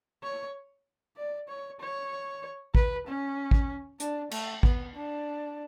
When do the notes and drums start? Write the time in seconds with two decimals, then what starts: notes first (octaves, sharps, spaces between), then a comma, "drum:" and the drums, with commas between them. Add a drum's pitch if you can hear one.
0.23 C#5
1.17 D5
1.48 C#5
1.80 C#5
2.75 B4, drum: kick
3.07 C#4
3.51 drum: kick
4.00 D4, drum: hi-hat
4.31 A3, drum: cymbal
4.63 B3, drum: kick
4.95 D4